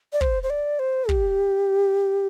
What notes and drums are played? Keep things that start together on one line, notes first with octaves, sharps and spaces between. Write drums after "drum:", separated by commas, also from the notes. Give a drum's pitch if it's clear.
D5
C5, drum: kick
C5
D5
C5
G4, drum: kick